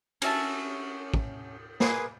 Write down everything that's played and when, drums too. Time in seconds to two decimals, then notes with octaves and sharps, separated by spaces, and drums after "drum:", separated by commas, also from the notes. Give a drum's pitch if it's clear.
0.22 C#4 F#4 E5 A5, drum: cymbal
1.14 drum: kick
1.80 A#3 G#4 B4 C6, drum: snare